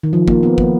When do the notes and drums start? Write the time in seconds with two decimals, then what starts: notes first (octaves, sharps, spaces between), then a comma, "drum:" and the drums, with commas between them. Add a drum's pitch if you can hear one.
0.03 D#3
0.13 F3
0.28 A#3, drum: kick
0.43 B3
0.58 A#3, drum: kick